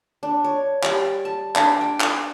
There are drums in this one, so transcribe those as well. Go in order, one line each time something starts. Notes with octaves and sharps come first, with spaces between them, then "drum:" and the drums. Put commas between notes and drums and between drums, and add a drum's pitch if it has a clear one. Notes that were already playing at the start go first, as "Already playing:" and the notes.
D4
C#5
G3, drum: clap
A5
D4, drum: clap
G5
drum: clap